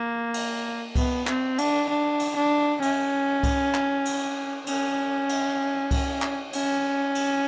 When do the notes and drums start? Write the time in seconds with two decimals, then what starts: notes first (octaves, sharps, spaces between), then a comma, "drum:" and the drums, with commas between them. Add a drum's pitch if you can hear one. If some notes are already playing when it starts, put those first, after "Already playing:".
Already playing: A#3
0.34 drum: cymbal
0.96 B3, drum: kick C2, cymbal
1.27 C4, drum: clap
1.58 D4, drum: cymbal
1.89 D4
2.20 drum: cymbal
2.36 D4
2.82 C#4, drum: cymbal
3.43 drum: kick C2, cymbal
3.74 drum: clap
4.05 drum: cymbal
4.67 C#4, drum: cymbal
5.29 drum: cymbal
5.91 drum: kick C2, cymbal
6.22 drum: clap
6.53 C#4, drum: cymbal
7.15 drum: cymbal